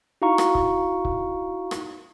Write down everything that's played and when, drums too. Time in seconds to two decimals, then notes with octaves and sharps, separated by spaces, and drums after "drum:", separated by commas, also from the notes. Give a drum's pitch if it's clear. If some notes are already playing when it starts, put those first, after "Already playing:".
0.22 D#4 E4 F#4 F5 A#5 C#6
0.38 drum: rim click
0.55 drum: kick C#1
1.05 drum: kick C#1
1.71 drum: rim click